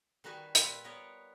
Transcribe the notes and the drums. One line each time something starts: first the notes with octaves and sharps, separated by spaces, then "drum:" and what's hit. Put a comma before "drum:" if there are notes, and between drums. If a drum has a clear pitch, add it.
D#3 G3 D#4 F#4 B4 G#5
A#2 G3 E4 F4 B4, drum: hi-hat
B3 A#4 B4 C#5 D#5